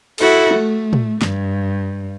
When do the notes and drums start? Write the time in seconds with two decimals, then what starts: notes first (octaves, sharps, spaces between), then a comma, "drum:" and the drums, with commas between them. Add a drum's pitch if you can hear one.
0.18 E4 F#4 A4, drum: cymbal
0.55 A3
0.93 drum: tom
1.22 G2, drum: snare